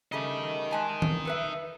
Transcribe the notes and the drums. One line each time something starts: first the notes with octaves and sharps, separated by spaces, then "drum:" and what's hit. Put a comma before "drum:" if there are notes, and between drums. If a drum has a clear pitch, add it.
C#3 G3 A3 A#4 D#5
G#3 G#5 A5
drum: tom D#3
A4 B4 E5